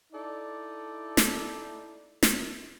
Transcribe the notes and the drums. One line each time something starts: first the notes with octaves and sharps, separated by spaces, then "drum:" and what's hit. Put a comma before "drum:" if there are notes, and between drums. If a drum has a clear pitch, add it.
D#4 E4 A4 D5
drum: snare
drum: snare